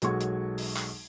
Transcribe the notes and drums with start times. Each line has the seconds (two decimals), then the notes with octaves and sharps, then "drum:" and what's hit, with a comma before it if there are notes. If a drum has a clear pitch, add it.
0.02 B1 F#3 G#3 A4 C#6 G#6, drum: hi-hat
0.21 drum: hi-hat
0.58 drum: open hi-hat
0.76 drum: clap